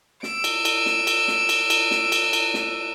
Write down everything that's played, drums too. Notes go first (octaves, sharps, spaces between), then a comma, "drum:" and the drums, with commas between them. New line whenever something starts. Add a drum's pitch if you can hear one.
E6 D7, drum: snare
drum: cymbal
drum: cymbal
drum: snare
drum: cymbal
drum: snare
drum: cymbal
drum: cymbal
drum: snare
drum: cymbal
drum: cymbal
drum: snare